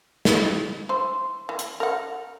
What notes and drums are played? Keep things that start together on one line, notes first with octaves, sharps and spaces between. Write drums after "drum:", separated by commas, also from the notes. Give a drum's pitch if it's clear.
drum: snare
E3 C5
E3
drum: hi-hat
A#4 F#5